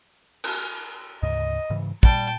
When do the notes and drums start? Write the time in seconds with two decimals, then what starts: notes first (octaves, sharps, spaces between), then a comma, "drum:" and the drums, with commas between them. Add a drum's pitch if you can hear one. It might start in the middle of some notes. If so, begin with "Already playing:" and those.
0.44 drum: cymbal
1.23 D2 G#2 C#3 D#5
1.70 G#2 C#3 E3
2.03 A#2 G3 G5 A5, drum: kick